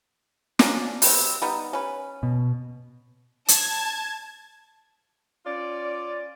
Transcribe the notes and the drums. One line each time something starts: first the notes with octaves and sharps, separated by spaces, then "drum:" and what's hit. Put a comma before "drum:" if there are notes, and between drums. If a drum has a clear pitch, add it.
A#3 C#4 D4, drum: snare
B2 G3 C4, drum: open hi-hat
G3 B3 D#4
C#4 B4
B2
A5 G#6, drum: hi-hat
C#4 F4 D5